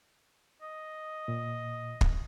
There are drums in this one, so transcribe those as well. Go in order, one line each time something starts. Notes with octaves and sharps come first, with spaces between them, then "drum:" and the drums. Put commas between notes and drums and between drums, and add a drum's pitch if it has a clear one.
D#5
A#2
drum: kick